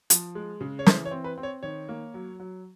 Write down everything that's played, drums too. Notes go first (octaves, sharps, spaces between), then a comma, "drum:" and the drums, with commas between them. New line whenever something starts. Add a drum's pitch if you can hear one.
F3, drum: hi-hat
G#3
C#3
C#5
E3 C5, drum: snare
C#5
C4
B4
C4
C#5
D#3 C#5
A#3
F#3
F#3